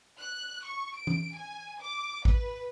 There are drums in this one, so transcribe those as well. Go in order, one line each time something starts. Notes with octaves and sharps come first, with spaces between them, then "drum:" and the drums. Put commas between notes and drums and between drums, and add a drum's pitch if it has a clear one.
F#6
C#6
D7
drum: tom E3
G#5
D6
B4, drum: kick A1